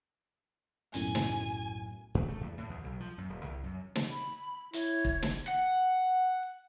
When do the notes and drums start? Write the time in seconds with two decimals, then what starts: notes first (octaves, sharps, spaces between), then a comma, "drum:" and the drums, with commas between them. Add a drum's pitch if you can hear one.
0.94 B1 F#2 A2 G#5, drum: hi-hat
1.15 drum: snare
2.15 F#2
2.28 A3
2.41 E2
2.57 A2
2.70 D#2
2.84 B1
3.00 F3
3.18 F#2
3.29 D#1
3.44 C2
3.63 F#2
3.95 drum: snare
4.10 B5
4.73 E4 C#5, drum: hi-hat
5.05 drum: kick
5.22 drum: snare
5.48 F#5